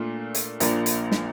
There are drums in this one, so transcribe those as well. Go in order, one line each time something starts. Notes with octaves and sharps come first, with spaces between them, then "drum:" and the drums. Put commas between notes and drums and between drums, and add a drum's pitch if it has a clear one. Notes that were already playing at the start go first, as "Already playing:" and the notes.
Already playing: A#2 A3 D4 F4
drum: hi-hat
A#1 A#2 F3 A#3 D4, drum: hi-hat
drum: hi-hat
drum: snare